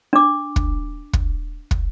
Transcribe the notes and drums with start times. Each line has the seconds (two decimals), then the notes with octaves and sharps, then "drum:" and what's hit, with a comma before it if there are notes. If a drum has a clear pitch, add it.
0.13 D4 D6
0.56 drum: kick
1.13 drum: kick
1.71 drum: kick